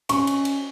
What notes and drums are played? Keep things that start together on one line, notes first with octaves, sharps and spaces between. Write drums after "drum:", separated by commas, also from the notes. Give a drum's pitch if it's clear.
C#4 C#6, drum: cymbal
drum: cymbal
drum: cymbal